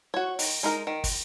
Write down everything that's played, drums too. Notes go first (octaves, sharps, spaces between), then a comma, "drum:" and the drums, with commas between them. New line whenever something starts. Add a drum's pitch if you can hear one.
F#4 C#5
D#3, drum: open hi-hat
G#3 D#4 A#4
D#3
drum: kick, open hi-hat